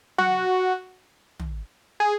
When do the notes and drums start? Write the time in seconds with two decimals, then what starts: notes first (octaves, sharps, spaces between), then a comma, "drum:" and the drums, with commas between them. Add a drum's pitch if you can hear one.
0.18 F#4, drum: tom F#3
1.39 drum: tom
2.00 G#4